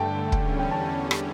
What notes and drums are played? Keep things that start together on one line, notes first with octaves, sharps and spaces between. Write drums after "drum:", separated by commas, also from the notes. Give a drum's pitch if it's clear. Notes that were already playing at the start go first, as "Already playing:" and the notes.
Already playing: G2 D3 A3 G5 A5
E2 D3 G3 C#4, drum: kick
G5
A5
drum: rim click